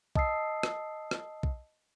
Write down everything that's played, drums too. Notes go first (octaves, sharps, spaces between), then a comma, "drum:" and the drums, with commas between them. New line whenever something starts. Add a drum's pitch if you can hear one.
D#5 A5 D#6 E6 C7, drum: kick
drum: rim click
drum: rim click
drum: kick